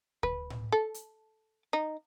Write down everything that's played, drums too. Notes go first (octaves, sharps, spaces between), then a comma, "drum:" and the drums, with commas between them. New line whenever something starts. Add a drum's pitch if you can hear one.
B4, drum: kick D2
drum: tom A2
A4
drum: hi-hat
D#4